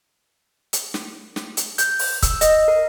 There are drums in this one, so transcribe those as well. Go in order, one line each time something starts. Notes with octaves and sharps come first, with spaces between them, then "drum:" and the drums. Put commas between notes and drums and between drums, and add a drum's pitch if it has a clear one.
drum: hi-hat
drum: snare
drum: snare
drum: hi-hat
G6, drum: hi-hat
drum: open hi-hat
E6, drum: kick, hi-hat
D#5, drum: hi-hat
A#4